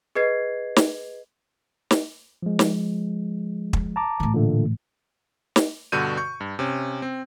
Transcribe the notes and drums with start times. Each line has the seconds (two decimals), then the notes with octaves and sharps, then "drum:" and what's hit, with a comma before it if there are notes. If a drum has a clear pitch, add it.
0.15 G#4 B4 D#5 G#6 C7
0.76 drum: snare
1.91 drum: snare
2.43 F3 G#3
2.59 drum: snare
3.73 drum: kick
3.96 A5 A#5 D6
4.20 A2 E3
4.34 A#2 D3 A3
5.56 drum: snare
5.92 G2 B2 D3 F#4 G6 D#7
6.17 C#6 G6
6.40 G2
6.59 C3 C#4
7.02 C4